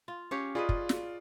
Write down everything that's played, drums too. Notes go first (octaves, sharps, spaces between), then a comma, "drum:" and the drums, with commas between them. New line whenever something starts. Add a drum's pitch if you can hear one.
F4
C#4 G4 C#5 F5
F4 G#4 B4 D5 D#5
drum: kick
drum: snare